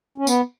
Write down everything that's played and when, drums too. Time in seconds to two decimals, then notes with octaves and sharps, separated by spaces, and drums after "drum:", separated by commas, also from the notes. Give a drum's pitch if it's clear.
0.18 C#4
0.27 B3, drum: tambourine